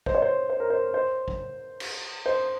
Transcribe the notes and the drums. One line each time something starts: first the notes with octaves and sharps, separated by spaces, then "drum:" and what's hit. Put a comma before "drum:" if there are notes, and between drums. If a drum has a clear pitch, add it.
C5, drum: kick
C#5
C5
C5
A#4
C5
C5
drum: kick
drum: cymbal
C5